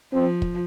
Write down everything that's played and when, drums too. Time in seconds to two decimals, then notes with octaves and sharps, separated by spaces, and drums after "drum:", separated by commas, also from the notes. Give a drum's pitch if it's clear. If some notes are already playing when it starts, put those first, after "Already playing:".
0.13 F3 C4
0.42 drum: kick